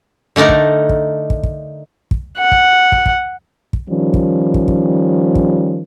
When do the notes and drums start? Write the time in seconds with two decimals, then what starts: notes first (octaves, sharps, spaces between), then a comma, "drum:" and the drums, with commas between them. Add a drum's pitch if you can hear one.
0.36 D3 A3 D4 D#4 A#4
0.49 drum: kick
0.89 drum: kick
1.30 drum: kick
1.43 drum: kick
2.11 drum: kick
2.38 F#5
2.52 drum: kick
2.92 drum: kick
3.06 drum: kick
3.73 drum: kick
3.89 D#3 F3 G3 C#4
4.14 drum: kick
4.54 drum: kick
4.68 drum: kick
5.35 drum: kick